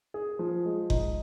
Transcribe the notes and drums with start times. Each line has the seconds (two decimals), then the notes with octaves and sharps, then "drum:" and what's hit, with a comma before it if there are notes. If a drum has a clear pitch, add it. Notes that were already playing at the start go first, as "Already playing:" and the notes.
0.14 G#4
0.39 F3
0.65 G#3
0.90 D#4, drum: kick F#1